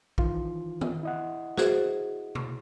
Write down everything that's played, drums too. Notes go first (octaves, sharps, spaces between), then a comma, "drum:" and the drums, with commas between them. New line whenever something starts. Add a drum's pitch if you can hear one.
D#3 E3 F4, drum: kick A#1
drum: tom D#3
E4 D#5 F#5
F#4 G#4 C5, drum: snare
drum: tom B2